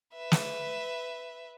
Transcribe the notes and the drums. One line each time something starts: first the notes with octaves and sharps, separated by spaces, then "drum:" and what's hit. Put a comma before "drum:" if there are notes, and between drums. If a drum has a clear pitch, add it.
B4 E5
drum: snare